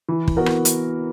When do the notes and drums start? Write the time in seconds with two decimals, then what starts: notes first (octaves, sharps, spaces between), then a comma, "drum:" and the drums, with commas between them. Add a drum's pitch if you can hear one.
0.09 E3
0.28 drum: kick
0.37 B3 F#4 A#4
0.46 drum: rim click
0.65 drum: hi-hat